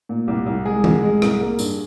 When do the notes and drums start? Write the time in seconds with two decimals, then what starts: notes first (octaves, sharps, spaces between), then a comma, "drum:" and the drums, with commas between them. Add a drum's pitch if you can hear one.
0.09 A#2
0.28 C2 G4
0.46 C2
0.66 G#3 G#4
0.84 C2, drum: tom E3
1.03 G#3
1.22 C2, drum: rim click
1.41 A#3
1.59 G2, drum: tambourine